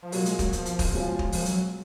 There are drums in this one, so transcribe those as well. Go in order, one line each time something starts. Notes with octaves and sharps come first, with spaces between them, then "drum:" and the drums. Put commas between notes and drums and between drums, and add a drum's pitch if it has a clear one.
F3
B2 F#3 A#3 F4, drum: open hi-hat
G#3, drum: hi-hat
F#3, drum: kick, hi-hat
F3, drum: hi-hat
drum: hi-hat
drum: kick, open hi-hat
B2 G#3 C#4 F4
drum: kick
F3, drum: open hi-hat
F#3, drum: hi-hat